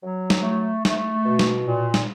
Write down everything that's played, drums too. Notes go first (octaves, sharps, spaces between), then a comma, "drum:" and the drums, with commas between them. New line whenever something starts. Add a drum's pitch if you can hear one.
F#3
drum: snare
A3
A3, drum: snare
B2
drum: snare
A#2
drum: snare